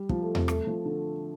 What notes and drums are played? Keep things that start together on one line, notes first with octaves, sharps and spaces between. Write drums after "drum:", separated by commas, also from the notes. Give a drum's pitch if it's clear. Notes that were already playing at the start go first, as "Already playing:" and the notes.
Already playing: G3
F3, drum: kick
A3
C4, drum: tom E2
A3, drum: rim click
F3
D3